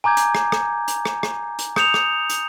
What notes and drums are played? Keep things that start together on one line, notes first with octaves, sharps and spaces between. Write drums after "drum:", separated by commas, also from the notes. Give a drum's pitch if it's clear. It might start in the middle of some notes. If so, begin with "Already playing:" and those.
G#5 A#5 D6 G6 G#6
drum: hi-hat
drum: rim click
drum: rim click
drum: hi-hat
drum: rim click
drum: rim click
drum: hi-hat
D#6 G6 C#7 E7 F7, drum: rim click
drum: rim click
drum: hi-hat